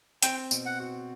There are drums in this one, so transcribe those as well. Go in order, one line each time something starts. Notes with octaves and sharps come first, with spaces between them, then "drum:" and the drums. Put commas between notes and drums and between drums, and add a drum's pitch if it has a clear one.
C4 G5, drum: hi-hat
B2, drum: tambourine
F#5
F#4